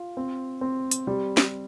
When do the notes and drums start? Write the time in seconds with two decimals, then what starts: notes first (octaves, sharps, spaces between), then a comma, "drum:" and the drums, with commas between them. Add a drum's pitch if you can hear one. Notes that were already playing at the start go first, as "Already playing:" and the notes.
Already playing: F4
0.17 C4
0.61 C4
0.91 drum: hi-hat
1.07 G3
1.37 drum: snare